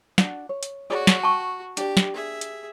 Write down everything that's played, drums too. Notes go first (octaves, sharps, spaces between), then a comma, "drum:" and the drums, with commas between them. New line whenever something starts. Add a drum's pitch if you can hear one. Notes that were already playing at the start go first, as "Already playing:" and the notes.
D4 F#4 F#5, drum: snare
C#5
drum: hi-hat
F#4 G#4 C#5 D5
drum: snare
G5 A5 C#6
D4 G4 D5, drum: hi-hat
drum: snare
G#4 E5
drum: hi-hat